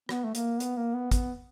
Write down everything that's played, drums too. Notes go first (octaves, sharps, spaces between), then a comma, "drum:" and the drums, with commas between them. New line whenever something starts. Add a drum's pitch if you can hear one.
B3, drum: rim click
A3
A#3, drum: hi-hat
B3, drum: hi-hat
A#3
B3
B3, drum: kick, hi-hat